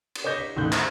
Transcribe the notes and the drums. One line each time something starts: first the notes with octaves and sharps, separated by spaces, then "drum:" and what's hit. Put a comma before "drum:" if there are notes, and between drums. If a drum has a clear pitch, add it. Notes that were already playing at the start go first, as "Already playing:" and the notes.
drum: cymbal
C#5 D#5 D6 G6 A#6
B6
A1 D#2 A3 F#6 G6
C5 F6, drum: clap